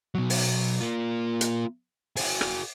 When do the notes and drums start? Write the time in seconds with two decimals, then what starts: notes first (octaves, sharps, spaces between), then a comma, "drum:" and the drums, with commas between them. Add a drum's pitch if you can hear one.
0.15 B2 F#3
0.30 drum: open hi-hat
0.80 A#3 F4
1.41 drum: hi-hat
2.16 F#4 G#4, drum: open hi-hat
2.41 drum: rim click